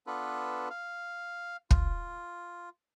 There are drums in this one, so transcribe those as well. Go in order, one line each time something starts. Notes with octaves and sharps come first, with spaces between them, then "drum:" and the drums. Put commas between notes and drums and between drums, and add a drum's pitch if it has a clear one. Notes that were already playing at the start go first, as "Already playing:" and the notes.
B3 D4 F4 A4 B4
F5
F4, drum: kick